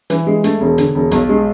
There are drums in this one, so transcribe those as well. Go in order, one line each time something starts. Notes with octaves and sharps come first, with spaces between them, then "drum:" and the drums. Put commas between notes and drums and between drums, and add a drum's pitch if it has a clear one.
E3, drum: hi-hat
G#3
A3, drum: hi-hat
E1
D3, drum: hi-hat
E1
B1, drum: hi-hat
G#3